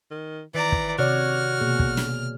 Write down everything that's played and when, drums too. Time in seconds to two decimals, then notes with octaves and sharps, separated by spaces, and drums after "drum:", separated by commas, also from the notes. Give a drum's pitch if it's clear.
0.11 D#3
0.54 D#3 E3 D5 A#5
0.72 drum: kick
0.99 C3 F#4 C#5 D5 F6
1.61 B2 A#3 G#4
1.79 drum: kick
1.97 drum: snare